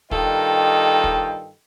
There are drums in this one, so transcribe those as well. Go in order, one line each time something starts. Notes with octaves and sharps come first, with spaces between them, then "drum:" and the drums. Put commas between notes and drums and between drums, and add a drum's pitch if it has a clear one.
G2 D#3 F4 A4 D#5 G5, drum: kick
drum: kick